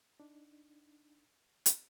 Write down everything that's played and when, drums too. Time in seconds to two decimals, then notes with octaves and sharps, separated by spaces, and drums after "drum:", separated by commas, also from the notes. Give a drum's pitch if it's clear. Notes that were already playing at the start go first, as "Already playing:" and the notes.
0.20 D4 D#4
1.66 drum: hi-hat